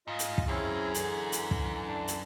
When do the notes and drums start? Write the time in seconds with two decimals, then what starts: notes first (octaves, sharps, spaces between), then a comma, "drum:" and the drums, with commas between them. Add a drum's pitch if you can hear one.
0.08 G#2 F4 D#5
0.19 drum: hi-hat
0.38 drum: kick
0.48 F#2 C4 C#4 E4 G#4
0.94 D3 E3, drum: hi-hat
1.32 drum: hi-hat
1.51 drum: kick
1.88 D4
2.08 drum: hi-hat